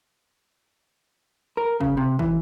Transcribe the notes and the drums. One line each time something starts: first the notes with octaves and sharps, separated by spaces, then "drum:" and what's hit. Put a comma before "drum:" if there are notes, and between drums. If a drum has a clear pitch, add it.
A#4
C#3, drum: kick
C3
E3, drum: kick